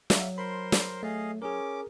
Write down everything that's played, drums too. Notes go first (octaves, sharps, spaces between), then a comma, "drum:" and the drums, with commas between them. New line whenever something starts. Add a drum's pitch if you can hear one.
F#3 E5 F5, drum: snare
A#4 C5 B5 C6
drum: snare
A3 G#4 D#5 F5
C#4 G#4 A#4 D6